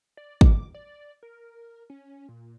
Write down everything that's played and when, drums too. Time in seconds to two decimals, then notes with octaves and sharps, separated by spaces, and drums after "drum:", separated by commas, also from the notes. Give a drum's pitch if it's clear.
0.17 D5
0.41 D6, drum: kick
0.74 D5
1.23 A#4
1.90 C#4
2.29 A#2